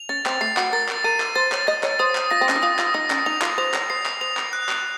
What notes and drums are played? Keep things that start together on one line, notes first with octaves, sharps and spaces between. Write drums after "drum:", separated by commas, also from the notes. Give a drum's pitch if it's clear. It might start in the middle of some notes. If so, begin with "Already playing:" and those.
Already playing: F7
C#4 A6
C4, drum: clap
A3 C7
F#4, drum: clap
A#4 A6
drum: clap
A#4 D#7
drum: clap
C5 A6
C#5, drum: clap
D#5 A6
C#5, drum: clap
C5 D#6
drum: clap
F4 A#6
C4
C#4, drum: clap
D#4
F4 D#6
F4, drum: clap
D#4 D#6
C#4, drum: clap
D#4 F7
F4, drum: clap
C5 F7
C#5, drum: clap
C5 C7
drum: clap
C5 F7
drum: clap
F#6
drum: clap